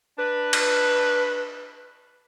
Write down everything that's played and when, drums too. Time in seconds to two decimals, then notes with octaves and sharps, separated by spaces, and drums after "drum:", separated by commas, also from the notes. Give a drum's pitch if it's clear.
0.17 D4 B4
0.53 drum: cymbal